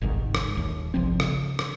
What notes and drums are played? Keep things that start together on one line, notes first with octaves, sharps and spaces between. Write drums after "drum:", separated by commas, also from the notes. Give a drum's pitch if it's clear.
G1 C2 G#2 D#3
drum: rim click
D#1 D#2
G1 C2 F3 C4
C#3, drum: rim click
drum: rim click